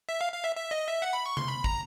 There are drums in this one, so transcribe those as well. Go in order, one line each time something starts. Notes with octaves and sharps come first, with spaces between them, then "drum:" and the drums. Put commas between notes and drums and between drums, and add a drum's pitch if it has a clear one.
E5
F5
F5
E5
E5
D#5
E5
F#5
B5
C#6
C6, drum: tom C3
B5
A#5, drum: kick